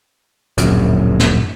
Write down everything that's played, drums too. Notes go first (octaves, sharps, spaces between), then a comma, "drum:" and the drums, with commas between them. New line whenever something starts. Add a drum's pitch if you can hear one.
D1 A#1 F#2, drum: hi-hat
drum: snare